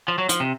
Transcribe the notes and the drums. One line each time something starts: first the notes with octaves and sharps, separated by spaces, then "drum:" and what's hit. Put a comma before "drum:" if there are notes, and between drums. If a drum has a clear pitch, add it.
F3
F#3
F3, drum: hi-hat
C3